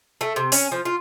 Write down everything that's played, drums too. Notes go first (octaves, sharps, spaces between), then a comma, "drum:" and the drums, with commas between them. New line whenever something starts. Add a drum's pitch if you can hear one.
A3
C3
C#4, drum: open hi-hat
F3
F4